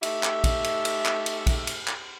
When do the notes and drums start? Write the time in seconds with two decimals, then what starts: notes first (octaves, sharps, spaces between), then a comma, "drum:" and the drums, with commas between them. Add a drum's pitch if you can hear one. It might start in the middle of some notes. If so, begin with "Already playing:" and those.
0.03 A3 D#4 G4 E5, drum: cymbal
0.23 drum: clap
0.44 drum: kick, cymbal
0.64 drum: cymbal
0.85 drum: cymbal
1.05 drum: clap
1.26 drum: cymbal
1.47 drum: kick, cymbal
1.67 drum: cymbal
1.88 drum: clap